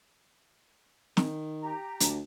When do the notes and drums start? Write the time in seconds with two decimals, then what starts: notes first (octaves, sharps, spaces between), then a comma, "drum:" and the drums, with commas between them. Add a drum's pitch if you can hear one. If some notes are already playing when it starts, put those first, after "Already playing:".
1.17 D#3, drum: snare
1.61 G4 A#5
2.00 D2, drum: hi-hat